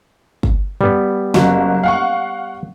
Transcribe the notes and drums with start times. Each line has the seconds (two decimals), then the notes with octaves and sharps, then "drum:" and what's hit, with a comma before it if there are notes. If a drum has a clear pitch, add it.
0.43 drum: kick
0.81 G3 B3, drum: tom
1.34 F#1 F#4, drum: snare
1.83 F5 F#5 C#6